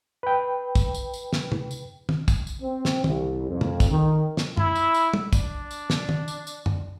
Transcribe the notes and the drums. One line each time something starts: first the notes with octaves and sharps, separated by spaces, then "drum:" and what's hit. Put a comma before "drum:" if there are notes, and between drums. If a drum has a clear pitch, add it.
B4 G5
drum: kick, tambourine
drum: tambourine
drum: tambourine
drum: snare
drum: tom
drum: tambourine
drum: tom
drum: kick, tambourine
drum: tambourine
C4
drum: snare
C2, drum: tom
F2
drum: tom
drum: kick, tambourine
D#3
drum: snare
E4, drum: tom
drum: tambourine
drum: tambourine
drum: tom
D4, drum: kick, tambourine
drum: tambourine
drum: snare
drum: tom
drum: tambourine
drum: tambourine
drum: tom